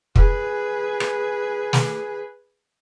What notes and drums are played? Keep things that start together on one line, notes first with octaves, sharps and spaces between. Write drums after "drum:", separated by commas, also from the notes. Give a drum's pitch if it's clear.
G#4 B4, drum: kick
drum: rim click
drum: snare